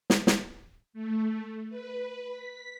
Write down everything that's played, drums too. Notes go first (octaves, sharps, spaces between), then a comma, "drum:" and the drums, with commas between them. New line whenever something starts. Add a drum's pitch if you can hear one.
drum: snare
drum: snare
A3
B4
B6